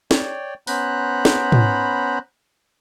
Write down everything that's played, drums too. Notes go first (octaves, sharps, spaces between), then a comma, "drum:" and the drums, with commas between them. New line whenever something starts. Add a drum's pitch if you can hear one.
C#5 D5 G5, drum: snare
B3 C#4 C5 A#5 B5 F#6, drum: open hi-hat
drum: snare
drum: tom